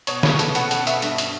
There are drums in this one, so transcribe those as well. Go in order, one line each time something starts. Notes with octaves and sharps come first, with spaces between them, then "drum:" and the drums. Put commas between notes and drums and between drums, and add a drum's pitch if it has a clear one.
B2 C#5, drum: hi-hat
B4, drum: snare
B2
A4, drum: hi-hat
B2 F#5, drum: hi-hat
F#5, drum: hi-hat
B2
E5, drum: hi-hat
G2, drum: hi-hat
drum: hi-hat